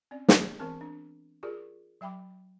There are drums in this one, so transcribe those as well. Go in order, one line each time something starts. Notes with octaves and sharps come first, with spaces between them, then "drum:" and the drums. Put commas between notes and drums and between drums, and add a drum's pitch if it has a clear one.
C4 C#4 D5
G#3 D4 G#4 D5, drum: snare
E3 B3 C4 A#4 A5
D4
F4 G4 G#4 A#4 D5
F#3 E5 G5 B5 D6